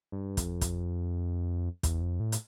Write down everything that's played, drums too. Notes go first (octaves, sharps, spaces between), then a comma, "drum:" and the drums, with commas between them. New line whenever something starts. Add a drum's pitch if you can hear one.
G2
F2, drum: kick, hi-hat
drum: kick, hi-hat
E2, drum: kick, hi-hat
F2
A2
drum: hi-hat